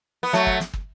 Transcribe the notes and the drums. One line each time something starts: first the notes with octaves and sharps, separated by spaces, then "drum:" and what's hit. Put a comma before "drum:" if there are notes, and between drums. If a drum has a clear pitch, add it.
B3
F#3 A3, drum: snare
drum: kick
drum: snare
drum: kick